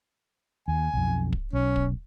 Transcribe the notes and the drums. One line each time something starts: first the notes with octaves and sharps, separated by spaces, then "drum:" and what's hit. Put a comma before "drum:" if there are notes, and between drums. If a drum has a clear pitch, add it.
D#2 G#5
B1 F2
drum: kick
B1 C#4
drum: kick